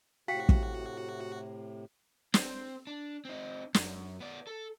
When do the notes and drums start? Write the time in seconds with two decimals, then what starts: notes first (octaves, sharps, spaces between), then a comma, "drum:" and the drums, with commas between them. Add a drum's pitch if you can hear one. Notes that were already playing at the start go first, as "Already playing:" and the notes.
0.28 A2 C3 F#4 F5 G5
0.49 drum: kick
2.34 C4, drum: snare
2.87 D4
3.25 C4 D#4
3.74 F#2, drum: snare
4.21 B3 D5
4.47 A4